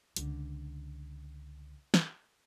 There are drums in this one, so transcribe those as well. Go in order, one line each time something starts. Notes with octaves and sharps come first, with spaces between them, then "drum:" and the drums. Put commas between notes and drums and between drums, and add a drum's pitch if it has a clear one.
C#2 D3, drum: hi-hat
drum: snare